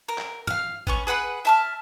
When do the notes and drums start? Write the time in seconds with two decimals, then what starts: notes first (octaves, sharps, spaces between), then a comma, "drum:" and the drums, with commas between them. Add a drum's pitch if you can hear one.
0.08 A#4
0.18 drum: clap
0.47 F5 F6, drum: tom
0.87 B3 C#4 C#6, drum: kick G#1
1.07 G#4 B4 F#5 B5
1.45 E5 A5 F6